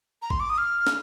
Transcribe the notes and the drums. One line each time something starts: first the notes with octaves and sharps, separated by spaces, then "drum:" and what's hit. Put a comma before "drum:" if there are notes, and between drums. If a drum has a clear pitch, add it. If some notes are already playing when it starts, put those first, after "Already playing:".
A#5
C6, drum: kick A1
D6
D#6
F6
drum: snare